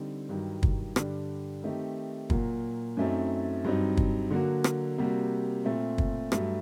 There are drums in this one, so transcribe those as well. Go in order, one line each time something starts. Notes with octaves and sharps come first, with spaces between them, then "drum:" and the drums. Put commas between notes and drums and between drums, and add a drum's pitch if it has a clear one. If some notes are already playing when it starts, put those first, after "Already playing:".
Already playing: D3 G3 C4 D#4
G2 D#3 F#3
drum: kick
G2 D3 G3 D4, drum: rim click
D#3 A3 C4 D#4 G4
A#2 F#3 A#3 F#4, drum: kick
F#2 F#3 A3 C4 D#4
G2 F#3 C4 D#4
drum: kick
D3 F#3 A#3 F#4
drum: rim click
C3 G3 A#3 F#4
A#2 A3 C4
drum: kick
G2 F#3 A3, drum: rim click